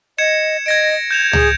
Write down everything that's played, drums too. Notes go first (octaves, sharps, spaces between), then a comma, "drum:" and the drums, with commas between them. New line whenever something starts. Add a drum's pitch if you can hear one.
D#5 G#6 C#7 E7
D#5 G#6 A#6 D7
G6 G#6 E7 F7
G#4 G6, drum: tom C#2